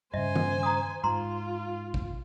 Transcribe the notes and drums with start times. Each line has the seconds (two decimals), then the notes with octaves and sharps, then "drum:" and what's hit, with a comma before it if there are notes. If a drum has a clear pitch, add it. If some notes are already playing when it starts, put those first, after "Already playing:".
0.14 G2 C#3 C5 D#5 E5 G#5
0.36 drum: tom D#3
0.63 A#5 D#6
1.04 G#2 F4 A#5 C6
1.94 drum: kick